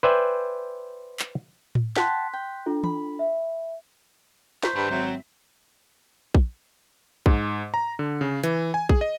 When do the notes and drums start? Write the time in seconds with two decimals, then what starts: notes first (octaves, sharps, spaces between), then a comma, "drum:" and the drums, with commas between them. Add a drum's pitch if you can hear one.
0.03 B4 C5 D5 E5 G5 G#5
1.20 drum: clap
1.75 drum: tom A2
1.96 F#5 G5 A5 C6 F#6 B6, drum: snare
2.33 G5
2.66 D4 F4 A4
2.84 B5, drum: tom
3.19 E5
4.63 C5 A#5 C#6 B6, drum: snare
4.76 G2 G#4 B5
4.91 G#1 F#3 C4 E5
6.35 drum: kick A#1
7.26 G#2, drum: kick A#1
7.74 A#5
7.99 D3
8.21 C#3
8.43 E3, drum: hi-hat
8.74 G#5
8.89 G#4, drum: kick A#1
9.01 D#5